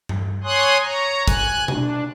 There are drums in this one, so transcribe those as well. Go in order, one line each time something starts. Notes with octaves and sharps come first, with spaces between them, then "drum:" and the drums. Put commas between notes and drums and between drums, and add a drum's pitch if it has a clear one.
drum: tom G2
C#5 G#5 C6 D#6 F#6
C#5 A#5
G#5 F#6, drum: kick, hi-hat
D4, drum: tom B2